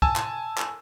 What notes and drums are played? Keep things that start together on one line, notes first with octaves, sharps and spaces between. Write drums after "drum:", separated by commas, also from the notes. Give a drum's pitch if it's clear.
G#5 A5 E6, drum: kick
drum: clap
drum: clap